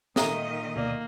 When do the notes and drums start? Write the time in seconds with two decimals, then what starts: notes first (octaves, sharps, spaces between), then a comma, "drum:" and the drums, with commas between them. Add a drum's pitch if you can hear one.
0.16 A#2 D#3 A4 D#5 E5 A#5, drum: snare
0.76 D2 B2 A#3 D5